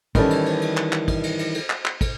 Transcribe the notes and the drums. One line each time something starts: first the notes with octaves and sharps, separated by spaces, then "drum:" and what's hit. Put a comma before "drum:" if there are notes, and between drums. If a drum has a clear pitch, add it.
D#3 E3 G3 C#4 A4, drum: kick, cymbal
drum: cymbal
drum: cymbal
drum: cymbal
drum: clap
drum: clap
drum: kick, cymbal
drum: cymbal
drum: cymbal
drum: cymbal
drum: clap
drum: clap
drum: kick, cymbal